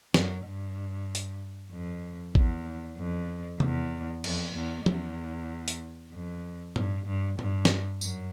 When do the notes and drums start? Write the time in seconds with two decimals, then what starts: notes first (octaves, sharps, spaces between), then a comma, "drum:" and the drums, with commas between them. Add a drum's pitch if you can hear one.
0.14 F#2, drum: snare
0.46 G2
1.15 drum: hi-hat
1.72 F2
2.35 E2, drum: kick
2.97 F2
3.60 E2, drum: tom C3
4.24 F2, drum: cymbal
4.55 E2
4.86 E2, drum: tom
5.68 drum: hi-hat
6.13 F2
6.76 G2, drum: tom A2
7.07 G2
7.39 G2, drum: tom A2
7.65 drum: snare
8.01 F#2, drum: tambourine